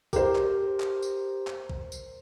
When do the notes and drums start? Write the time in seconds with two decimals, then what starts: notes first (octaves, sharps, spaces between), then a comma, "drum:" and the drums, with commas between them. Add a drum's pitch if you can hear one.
0.13 G4 A#4 C5, drum: kick, tambourine
0.35 drum: clap
0.80 drum: clap
1.02 drum: tambourine
1.47 drum: clap
1.70 drum: kick
1.92 drum: tambourine